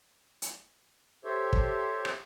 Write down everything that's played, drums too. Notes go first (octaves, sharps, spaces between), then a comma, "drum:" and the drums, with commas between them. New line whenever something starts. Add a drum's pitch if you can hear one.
drum: hi-hat
G4 A4 C5 C#5 E5
drum: kick
drum: rim click